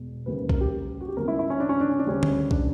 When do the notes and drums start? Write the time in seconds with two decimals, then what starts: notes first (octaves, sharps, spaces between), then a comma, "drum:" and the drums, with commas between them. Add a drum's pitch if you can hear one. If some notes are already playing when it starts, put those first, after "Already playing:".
Already playing: E1
0.26 D2 C#3 G3 A#3 B4
0.38 B4
0.49 A#4, drum: kick B1
0.61 G4
1.01 F#4
1.08 G4
1.17 C#2 C#3 G3 B3 A#4
1.28 E4
1.39 E4
1.50 C#4
1.60 D4
1.69 C#4
1.80 D4
1.89 C#4
1.99 D4
2.06 D2 C#3 G3 C#4
2.23 drum: tom
2.51 D4, drum: kick B1